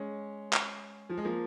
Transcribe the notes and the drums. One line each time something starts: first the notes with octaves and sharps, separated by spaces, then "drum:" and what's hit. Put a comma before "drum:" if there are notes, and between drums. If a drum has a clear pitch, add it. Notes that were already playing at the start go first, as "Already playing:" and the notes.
Already playing: G#3 C#4
drum: clap
F3
G#3
F3 A#3